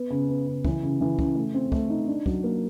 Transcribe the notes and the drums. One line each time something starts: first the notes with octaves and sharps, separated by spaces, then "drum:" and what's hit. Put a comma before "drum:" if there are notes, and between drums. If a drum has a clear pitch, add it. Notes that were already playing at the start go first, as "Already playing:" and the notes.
Already playing: B3
C#3
B3
C#3
E3, drum: kick
C#3
E3
C#3, drum: kick
A3
C4
A3, drum: kick
D#4
D4
F#3, drum: kick
A#3